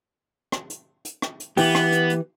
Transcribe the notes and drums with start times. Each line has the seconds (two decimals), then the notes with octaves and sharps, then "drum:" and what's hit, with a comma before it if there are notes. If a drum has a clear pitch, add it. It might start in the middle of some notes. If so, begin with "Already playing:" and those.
0.52 drum: rim click
0.70 drum: hi-hat
1.05 drum: hi-hat
1.22 drum: rim click
1.40 drum: hi-hat
1.57 E3 B3 G4, drum: open hi-hat
1.75 drum: rim click
1.92 drum: hi-hat
2.10 drum: hi-hat